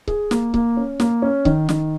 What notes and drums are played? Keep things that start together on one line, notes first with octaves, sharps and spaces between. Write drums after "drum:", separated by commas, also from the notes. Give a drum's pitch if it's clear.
G#4, drum: kick C#1
A#3, drum: snare
A#3, drum: kick C#1
C#4
A#3, drum: snare
C#4
D#3, drum: kick C#1
D#3, drum: snare